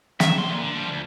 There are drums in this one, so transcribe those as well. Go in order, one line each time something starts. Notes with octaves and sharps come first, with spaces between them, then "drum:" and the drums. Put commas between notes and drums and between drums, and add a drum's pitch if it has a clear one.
E5, drum: snare
D2 C6
A#2
D3
F3 G3
D2